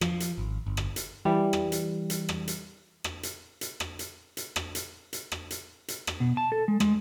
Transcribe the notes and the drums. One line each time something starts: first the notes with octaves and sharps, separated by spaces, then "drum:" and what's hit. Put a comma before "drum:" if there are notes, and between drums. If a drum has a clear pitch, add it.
F3, drum: rim click
drum: hi-hat
G#1
G1
drum: rim click
drum: hi-hat
E3 G3
drum: rim click
drum: hi-hat
drum: hi-hat
drum: rim click
drum: hi-hat
drum: rim click
drum: hi-hat
drum: hi-hat
drum: rim click
drum: hi-hat
drum: hi-hat
drum: rim click
drum: hi-hat
drum: hi-hat
drum: rim click
drum: hi-hat
drum: hi-hat
drum: rim click
B2
A5
A4
G#3
G#3, drum: rim click